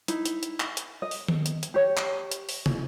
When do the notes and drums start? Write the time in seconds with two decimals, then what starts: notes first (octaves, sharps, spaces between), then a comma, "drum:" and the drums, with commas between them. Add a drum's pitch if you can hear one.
0.08 D#4 E4, drum: hi-hat
0.25 drum: hi-hat
0.43 drum: hi-hat
0.60 drum: clap
0.77 drum: hi-hat
1.02 D#5
1.11 drum: open hi-hat
1.28 drum: tom D#3
1.46 drum: hi-hat
1.63 drum: hi-hat
1.74 G4 C#5
1.97 drum: clap
2.31 drum: hi-hat
2.49 drum: open hi-hat
2.66 drum: tom